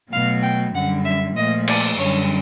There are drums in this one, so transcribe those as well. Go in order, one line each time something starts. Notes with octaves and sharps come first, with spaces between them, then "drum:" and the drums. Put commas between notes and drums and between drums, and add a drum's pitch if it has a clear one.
B2 F#3 A3 F5
G5
F#2 D3 G3 F#5
E5
A#2 F3 A3 D#5
D5, drum: cymbal
F#2 D3 G3 C#5